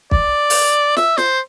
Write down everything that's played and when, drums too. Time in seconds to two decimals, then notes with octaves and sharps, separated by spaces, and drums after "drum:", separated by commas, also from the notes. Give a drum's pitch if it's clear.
0.11 D5, drum: kick
0.50 drum: open hi-hat
0.97 E5, drum: snare
1.18 C5, drum: snare